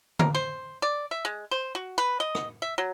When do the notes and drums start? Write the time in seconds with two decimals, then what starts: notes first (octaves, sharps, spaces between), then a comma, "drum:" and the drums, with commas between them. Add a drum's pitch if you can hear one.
0.19 A#4, drum: tom D3
0.35 C5
0.82 D5
1.11 E5
1.25 G#3
1.51 C5
1.75 F#4
1.98 B4
2.20 D#5
2.35 drum: rim click
2.62 E5
2.78 F#3